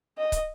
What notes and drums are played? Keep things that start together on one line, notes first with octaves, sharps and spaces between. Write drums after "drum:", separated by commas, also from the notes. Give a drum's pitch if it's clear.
D#5
drum: kick, hi-hat